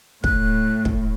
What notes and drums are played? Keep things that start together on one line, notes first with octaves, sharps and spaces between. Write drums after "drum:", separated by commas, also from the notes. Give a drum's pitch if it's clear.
A2 F#6, drum: kick
drum: kick